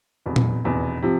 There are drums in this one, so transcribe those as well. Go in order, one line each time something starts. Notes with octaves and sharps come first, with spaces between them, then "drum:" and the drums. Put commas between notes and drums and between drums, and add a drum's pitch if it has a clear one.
F1 E2 B2
drum: tom A#2
F1 E2 B2
C3 F3